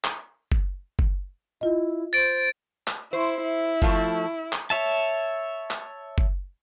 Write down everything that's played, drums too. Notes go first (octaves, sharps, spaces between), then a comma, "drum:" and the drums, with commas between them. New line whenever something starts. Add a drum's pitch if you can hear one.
drum: clap
drum: kick F#1
drum: kick F#1
E4 F4 D#5
C5 A6 D7
drum: clap
E4 C5
E4
F3 A3, drum: kick F#1
drum: clap
C#5 E5 A5
drum: clap
drum: kick F#1